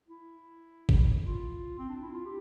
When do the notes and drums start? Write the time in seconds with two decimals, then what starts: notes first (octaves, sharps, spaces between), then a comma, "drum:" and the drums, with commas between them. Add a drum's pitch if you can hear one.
0.08 E4
0.89 drum: kick
1.25 F4
1.78 C4
1.89 D4
2.02 E4
2.13 F4
2.25 G4